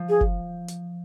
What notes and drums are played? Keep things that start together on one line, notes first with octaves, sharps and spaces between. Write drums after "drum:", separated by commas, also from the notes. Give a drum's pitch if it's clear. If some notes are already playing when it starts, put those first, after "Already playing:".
Already playing: F3
G#4
drum: kick
drum: hi-hat